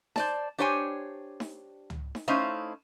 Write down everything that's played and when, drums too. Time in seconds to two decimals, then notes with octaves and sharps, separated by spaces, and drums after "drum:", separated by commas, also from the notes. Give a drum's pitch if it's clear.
0.16 C5 D5 A5, drum: snare D#4
0.58 D4 G4 C5 C#5 F5 G#5
1.40 drum: snare D#4
1.90 drum: tom
2.15 drum: snare D#4
2.28 A3 C#4 D#4 E4 C5 F5